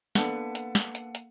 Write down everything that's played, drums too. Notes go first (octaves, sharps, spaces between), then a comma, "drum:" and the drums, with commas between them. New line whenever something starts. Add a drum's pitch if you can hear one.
A#3 B3 D4 A4 F#5, drum: snare
drum: hi-hat
drum: snare
drum: hi-hat
drum: hi-hat